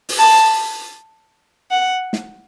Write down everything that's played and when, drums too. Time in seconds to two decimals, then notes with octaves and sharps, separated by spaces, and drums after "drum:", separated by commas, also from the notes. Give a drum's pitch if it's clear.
0.09 drum: open hi-hat
0.19 A5
1.71 F#5
2.13 drum: snare